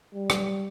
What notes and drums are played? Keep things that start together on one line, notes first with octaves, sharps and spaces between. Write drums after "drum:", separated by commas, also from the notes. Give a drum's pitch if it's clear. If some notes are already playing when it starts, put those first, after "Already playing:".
G3
drum: rim click